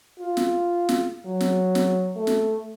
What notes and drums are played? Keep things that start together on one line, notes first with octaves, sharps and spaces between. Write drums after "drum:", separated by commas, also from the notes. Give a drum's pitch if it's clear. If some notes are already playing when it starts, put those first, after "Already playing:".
F4
drum: snare
drum: snare
F#3
drum: snare
drum: snare
A3
drum: snare